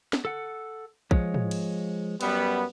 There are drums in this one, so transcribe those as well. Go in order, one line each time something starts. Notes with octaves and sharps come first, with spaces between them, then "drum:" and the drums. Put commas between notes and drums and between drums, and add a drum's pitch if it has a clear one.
drum: snare
A4 F#5
F3 G#3 C#5, drum: kick
drum: tom
drum: cymbal
F#2 G3 B3, drum: cymbal